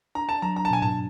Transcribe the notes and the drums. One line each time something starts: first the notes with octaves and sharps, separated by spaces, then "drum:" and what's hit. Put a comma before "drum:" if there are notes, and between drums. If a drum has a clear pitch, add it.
D4 A#5
A5
F#3 A#5
A#5
A5
B2 G#5
A5, drum: tom G2